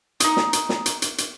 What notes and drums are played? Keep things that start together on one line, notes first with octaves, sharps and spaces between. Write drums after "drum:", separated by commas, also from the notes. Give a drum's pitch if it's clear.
D#4 D#6, drum: hi-hat
drum: snare
drum: hi-hat
drum: snare
drum: hi-hat
drum: hi-hat
drum: hi-hat